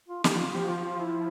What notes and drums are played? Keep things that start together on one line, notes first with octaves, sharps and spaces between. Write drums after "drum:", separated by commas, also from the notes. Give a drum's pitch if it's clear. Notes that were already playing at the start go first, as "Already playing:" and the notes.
F4
G4, drum: snare
F4
F3 G4
F4
F4
E4